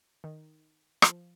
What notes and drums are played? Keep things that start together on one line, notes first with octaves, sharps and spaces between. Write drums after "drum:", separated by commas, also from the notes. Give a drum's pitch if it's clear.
D#3
F3, drum: rim click